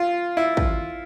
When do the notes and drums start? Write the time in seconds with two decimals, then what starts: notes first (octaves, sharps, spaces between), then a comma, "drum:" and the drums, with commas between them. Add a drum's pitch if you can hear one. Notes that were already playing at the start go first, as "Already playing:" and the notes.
Already playing: F4
0.37 E4
0.57 drum: kick